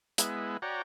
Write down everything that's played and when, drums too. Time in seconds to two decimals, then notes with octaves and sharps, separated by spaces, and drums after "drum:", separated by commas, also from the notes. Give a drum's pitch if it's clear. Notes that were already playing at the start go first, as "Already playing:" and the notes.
0.18 G#3 B3 E4, drum: hi-hat
0.62 F#4 C#5 D5 G5 A#5